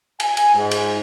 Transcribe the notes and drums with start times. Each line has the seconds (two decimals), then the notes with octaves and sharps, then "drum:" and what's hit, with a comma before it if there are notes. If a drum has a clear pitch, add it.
0.20 G#5, drum: cymbal
0.37 drum: cymbal
0.54 G#2
0.71 drum: cymbal